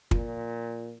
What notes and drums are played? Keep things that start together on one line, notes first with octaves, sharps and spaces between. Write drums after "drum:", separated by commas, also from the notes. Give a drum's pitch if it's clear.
A#2 F4, drum: kick